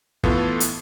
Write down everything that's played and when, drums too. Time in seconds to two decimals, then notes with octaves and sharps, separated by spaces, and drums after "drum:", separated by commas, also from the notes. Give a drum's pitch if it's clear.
0.24 A2 E3 B3 F4 A4, drum: kick
0.60 drum: hi-hat